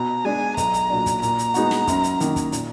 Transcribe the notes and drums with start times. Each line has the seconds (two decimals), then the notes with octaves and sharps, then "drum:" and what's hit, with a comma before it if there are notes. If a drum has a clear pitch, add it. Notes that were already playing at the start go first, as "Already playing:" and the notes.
Already playing: B2 A#5
0.25 G#3 D4 G#5
0.57 B1 A#5, drum: kick, hi-hat
0.74 drum: hi-hat
0.90 A#2 F#3 D4
1.06 drum: kick, hi-hat
1.22 A#2 A#5, drum: hi-hat
1.38 drum: hi-hat
1.54 G#3 B3 D#4 F#4, drum: hi-hat
1.71 drum: snare
1.87 F#2, drum: kick, hi-hat
2.03 drum: hi-hat
2.20 D#3 A#3, drum: hi-hat
2.36 drum: kick, hi-hat
2.52 A#2, drum: hi-hat